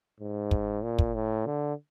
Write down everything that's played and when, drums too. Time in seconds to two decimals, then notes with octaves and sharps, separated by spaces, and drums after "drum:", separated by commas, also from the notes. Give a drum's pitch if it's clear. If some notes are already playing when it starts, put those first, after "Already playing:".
0.20 G#2
0.51 drum: kick
0.83 A#2
0.99 drum: kick
1.14 A2
1.46 D3